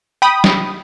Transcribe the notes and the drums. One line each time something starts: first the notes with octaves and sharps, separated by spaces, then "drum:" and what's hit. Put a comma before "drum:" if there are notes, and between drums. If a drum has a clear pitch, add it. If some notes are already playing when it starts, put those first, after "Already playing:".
G5 B5 D#6
drum: snare